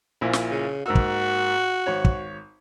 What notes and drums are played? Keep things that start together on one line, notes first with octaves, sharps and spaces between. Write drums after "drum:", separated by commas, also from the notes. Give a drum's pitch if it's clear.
A#1 A#2 E4
drum: snare
C#3
G#2 A#3 F#4 E6
drum: kick
G#1 C#5
drum: kick